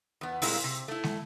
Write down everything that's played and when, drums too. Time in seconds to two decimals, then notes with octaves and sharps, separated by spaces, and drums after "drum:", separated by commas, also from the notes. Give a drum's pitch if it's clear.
0.21 E2 B3
0.42 A#2 G3 G#3 A#3 C4 E4, drum: open hi-hat
0.64 C3
0.88 A3 E4
1.04 drum: snare